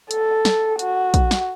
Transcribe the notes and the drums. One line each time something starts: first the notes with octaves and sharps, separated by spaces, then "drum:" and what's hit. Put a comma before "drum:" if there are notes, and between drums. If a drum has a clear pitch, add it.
A4, drum: hi-hat
drum: snare
F#4, drum: hi-hat
drum: kick A#1, hi-hat
drum: snare